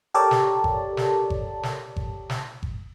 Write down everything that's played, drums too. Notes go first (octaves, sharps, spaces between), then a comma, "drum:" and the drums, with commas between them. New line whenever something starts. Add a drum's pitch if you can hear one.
G4 A4 A#4 C#5 D5 A5
drum: snare
drum: kick G1
drum: snare
drum: kick G1
drum: snare
drum: kick G1
drum: snare
drum: kick G1